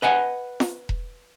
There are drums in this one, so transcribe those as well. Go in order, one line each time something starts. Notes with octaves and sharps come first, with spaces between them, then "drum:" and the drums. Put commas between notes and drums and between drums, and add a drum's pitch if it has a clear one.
B4 D#5 F#5 G#5
drum: snare
drum: kick E1